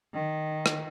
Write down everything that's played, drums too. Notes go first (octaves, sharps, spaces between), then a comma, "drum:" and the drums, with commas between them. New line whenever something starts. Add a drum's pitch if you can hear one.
D#3
drum: rim click